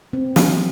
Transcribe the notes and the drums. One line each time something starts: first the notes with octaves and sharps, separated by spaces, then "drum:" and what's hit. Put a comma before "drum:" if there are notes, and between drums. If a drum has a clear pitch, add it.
C4
F#3, drum: snare